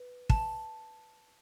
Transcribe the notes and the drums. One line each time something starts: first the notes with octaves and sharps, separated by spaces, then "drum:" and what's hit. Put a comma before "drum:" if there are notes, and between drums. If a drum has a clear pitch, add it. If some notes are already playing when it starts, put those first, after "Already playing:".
Already playing: B4
A5, drum: kick